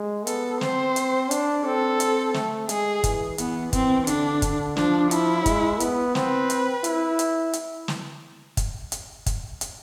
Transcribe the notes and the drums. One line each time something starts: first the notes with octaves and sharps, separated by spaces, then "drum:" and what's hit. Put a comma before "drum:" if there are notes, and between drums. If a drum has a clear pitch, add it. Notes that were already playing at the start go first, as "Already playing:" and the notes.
Already playing: G#3
B3 A4, drum: hi-hat
C4 C5, drum: snare
drum: hi-hat
D4, drum: hi-hat
C4 A4
drum: hi-hat
A3, drum: snare
G#3 G#4, drum: hi-hat
E3, drum: kick, hi-hat
E3 B3, drum: hi-hat
C4, drum: kick, hi-hat
D3 D4, drum: hi-hat
drum: kick, hi-hat
F3 D4, drum: snare
E4, drum: hi-hat
G#3, drum: kick, hi-hat
B3, drum: hi-hat
C4 B4, drum: snare
drum: hi-hat
E4, drum: hi-hat
drum: hi-hat
drum: hi-hat
drum: snare
drum: kick, hi-hat
drum: hi-hat
drum: kick, hi-hat
drum: hi-hat